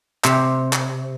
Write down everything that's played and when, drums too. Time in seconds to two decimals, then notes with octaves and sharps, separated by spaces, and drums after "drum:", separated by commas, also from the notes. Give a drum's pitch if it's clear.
0.24 C3, drum: clap
0.73 drum: clap